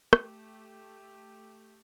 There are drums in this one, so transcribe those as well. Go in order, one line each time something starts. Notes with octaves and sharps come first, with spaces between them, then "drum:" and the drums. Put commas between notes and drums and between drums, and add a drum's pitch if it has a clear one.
A3 G4, drum: rim click